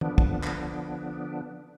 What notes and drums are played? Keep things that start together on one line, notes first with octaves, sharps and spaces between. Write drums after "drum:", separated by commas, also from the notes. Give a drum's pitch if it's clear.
D3 F3 B3 D4, drum: tom
drum: kick
drum: clap